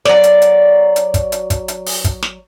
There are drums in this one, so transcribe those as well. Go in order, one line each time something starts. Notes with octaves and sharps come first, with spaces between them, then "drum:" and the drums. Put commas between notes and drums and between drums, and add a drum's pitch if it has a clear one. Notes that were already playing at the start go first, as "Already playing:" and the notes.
F#3 D5, drum: snare
drum: hi-hat
drum: hi-hat
drum: hi-hat
drum: kick, hi-hat
drum: hi-hat
drum: kick, hi-hat
drum: hi-hat
drum: open hi-hat
drum: kick, hi-hat
drum: snare